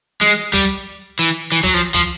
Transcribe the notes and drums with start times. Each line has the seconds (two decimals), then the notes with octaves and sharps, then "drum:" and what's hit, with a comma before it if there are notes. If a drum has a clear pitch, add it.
0.21 G#3, drum: tom E3
0.54 G3, drum: kick C2
1.19 E3
1.52 E3
1.64 F#3, drum: kick C2
1.74 F3
1.94 F3, drum: kick C2